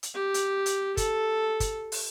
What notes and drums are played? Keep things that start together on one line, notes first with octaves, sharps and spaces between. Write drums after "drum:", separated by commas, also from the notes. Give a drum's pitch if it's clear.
drum: hi-hat
G4
drum: hi-hat
drum: hi-hat
A4, drum: kick, hi-hat
drum: kick, hi-hat
drum: open hi-hat